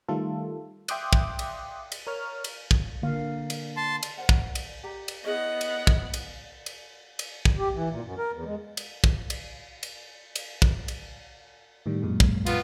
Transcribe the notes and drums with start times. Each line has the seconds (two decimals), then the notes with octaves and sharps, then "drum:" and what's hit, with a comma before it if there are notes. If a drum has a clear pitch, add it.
0.09 D#3 G3 A3 F4 A4
0.88 E5 G5 C6 D6 D#6 F#6, drum: cymbal
1.13 drum: kick
1.39 drum: cymbal
1.92 drum: cymbal
2.07 A#4 C#5 F6
2.44 drum: cymbal
2.71 drum: kick
3.02 D3 A#3 F5
3.50 drum: cymbal
3.77 A5 C6
4.03 drum: cymbal
4.17 A#4 C5 F#5
4.29 drum: kick
4.55 drum: cymbal
4.84 G4 A#5
5.08 drum: cymbal
5.24 B3 E4 G#4 C#5 D#5 F#5
5.61 drum: cymbal
5.87 drum: kick
6.14 drum: cymbal
6.66 drum: cymbal
7.19 drum: cymbal
7.45 drum: kick
7.58 G4
7.74 E3
7.90 A#2
8.04 F#2
8.18 A#4
8.33 E2
8.45 G#3
8.77 drum: cymbal
9.04 drum: kick
9.30 drum: cymbal
9.83 drum: cymbal
10.36 drum: cymbal
10.62 drum: kick
10.88 drum: cymbal
11.86 A2 D#3 G3
12.02 F#2 A#2 G#3
12.20 drum: kick
12.46 B3 F4, drum: cymbal